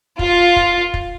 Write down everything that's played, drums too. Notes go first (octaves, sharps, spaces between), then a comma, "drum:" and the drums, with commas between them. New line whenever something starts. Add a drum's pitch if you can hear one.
F4, drum: kick
drum: kick
drum: kick